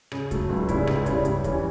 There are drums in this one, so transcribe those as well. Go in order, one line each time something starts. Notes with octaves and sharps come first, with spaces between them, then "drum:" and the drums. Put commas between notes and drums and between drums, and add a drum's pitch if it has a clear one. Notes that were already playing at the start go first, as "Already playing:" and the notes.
C#3, drum: rim click
F#3 A3, drum: kick, hi-hat
C#2
C#3 G3 C#4 E4, drum: kick, hi-hat
C#2, drum: rim click
C#3 G3 C#4 E4, drum: kick, hi-hat
G2, drum: hi-hat
E3 G3 C#4, drum: kick, hi-hat